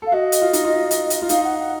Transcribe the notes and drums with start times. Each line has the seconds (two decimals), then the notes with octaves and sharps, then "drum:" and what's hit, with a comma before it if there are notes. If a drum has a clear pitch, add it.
0.02 A4 F5
0.12 F#4 D#5
0.32 drum: hi-hat
0.42 F4
0.53 D#4, drum: hi-hat
0.64 F4
0.91 drum: hi-hat
1.10 drum: hi-hat
1.22 F4
1.29 D#4 F5, drum: hi-hat
1.44 F#5
1.59 F#5